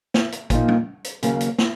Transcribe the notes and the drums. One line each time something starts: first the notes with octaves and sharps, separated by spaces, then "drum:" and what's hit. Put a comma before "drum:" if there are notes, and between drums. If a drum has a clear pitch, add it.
drum: snare
drum: hi-hat
A#2 F3 A#3 D#4, drum: kick, hi-hat
drum: tom
drum: hi-hat
D#2 C#3 F#3 A#3, drum: hi-hat
drum: hi-hat
drum: snare